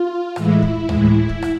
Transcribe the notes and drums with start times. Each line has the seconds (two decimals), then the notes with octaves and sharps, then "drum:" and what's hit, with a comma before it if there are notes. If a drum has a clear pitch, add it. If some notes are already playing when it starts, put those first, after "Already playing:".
Already playing: F4
0.36 A2 E3 G#3 E4, drum: rim click
0.62 drum: kick
0.89 A2 E3 G#3, drum: tom D2
1.29 drum: kick
1.42 drum: rim click